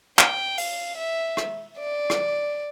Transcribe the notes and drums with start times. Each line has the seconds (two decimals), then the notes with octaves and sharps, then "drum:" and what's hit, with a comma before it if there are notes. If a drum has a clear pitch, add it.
0.19 G5, drum: clap
0.58 F5, drum: open hi-hat
0.97 E5
1.37 drum: rim click
1.78 D5
2.10 drum: rim click